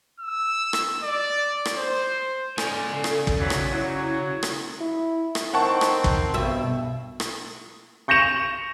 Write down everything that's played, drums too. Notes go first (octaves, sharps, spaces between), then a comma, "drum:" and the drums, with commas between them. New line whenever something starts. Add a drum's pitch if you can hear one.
E6
drum: rim click
D5
drum: rim click
C5
G#3 C#4 A4 D5 G#5, drum: rim click
C#3
drum: rim click
drum: kick
D#3 E3 F#3
drum: rim click
F#3 E4
drum: rim click
E4
drum: rim click
D#3 C4 F#5 A5 C#6
drum: rim click
drum: kick
G2 B2 E5
drum: rim click
C#6 G6 A#6 C#7 E7 F7